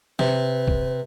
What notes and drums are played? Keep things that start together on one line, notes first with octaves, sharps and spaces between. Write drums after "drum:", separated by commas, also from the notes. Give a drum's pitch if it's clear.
C3 B4, drum: snare
drum: kick